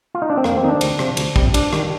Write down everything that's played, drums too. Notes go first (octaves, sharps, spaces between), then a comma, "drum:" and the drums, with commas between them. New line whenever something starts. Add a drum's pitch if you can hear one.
F4
D#4
D4
C4
F2 A#3, drum: rim click
C4
D#3 G3 D#4
D4
D2, drum: cymbal
C3 F3, drum: rim click
D2, drum: cymbal
C3 G3, drum: kick
G2 D4, drum: cymbal
D#3 G3, drum: rim click